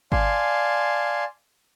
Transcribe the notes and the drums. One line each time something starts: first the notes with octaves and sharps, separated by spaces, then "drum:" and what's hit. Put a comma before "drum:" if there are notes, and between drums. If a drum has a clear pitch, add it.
D5 F5 G#5 A5 C6, drum: kick G#1